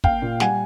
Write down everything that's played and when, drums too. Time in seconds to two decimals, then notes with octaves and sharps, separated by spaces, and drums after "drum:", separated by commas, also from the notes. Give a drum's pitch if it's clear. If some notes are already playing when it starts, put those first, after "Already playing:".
0.04 A#3 F5 G5, drum: kick
0.22 A#2
0.40 G3 F#5 G#5, drum: snare